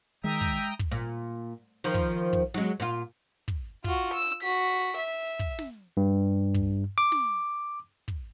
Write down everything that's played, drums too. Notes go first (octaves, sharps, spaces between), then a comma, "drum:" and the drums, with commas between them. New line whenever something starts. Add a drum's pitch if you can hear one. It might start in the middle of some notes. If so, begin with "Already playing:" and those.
D#3 G#3 E5 G5 A#5 D#6
drum: kick
drum: kick
A#2
D#3 F3
drum: kick
drum: kick
F#3 G#3, drum: snare
A#2 F4
drum: kick
F4 F#4, drum: kick
E6
F#4 B6
E5
drum: kick
drum: snare
G2
drum: kick
D6
drum: snare
drum: kick